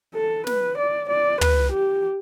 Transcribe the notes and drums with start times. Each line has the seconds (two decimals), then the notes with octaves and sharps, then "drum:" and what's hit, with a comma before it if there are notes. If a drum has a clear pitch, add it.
0.15 A4
0.47 B4, drum: snare
0.78 D5
1.09 D5
1.41 B4, drum: tom
1.72 G4